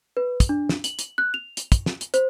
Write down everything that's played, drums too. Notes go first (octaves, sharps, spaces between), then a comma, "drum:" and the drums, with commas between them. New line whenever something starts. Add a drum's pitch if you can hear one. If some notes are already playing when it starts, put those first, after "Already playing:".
B4
drum: kick, hi-hat
D4
drum: snare
F#7, drum: hi-hat
drum: hi-hat
F#6
F7
drum: hi-hat
drum: kick, hi-hat
drum: snare
drum: hi-hat
C5, drum: hi-hat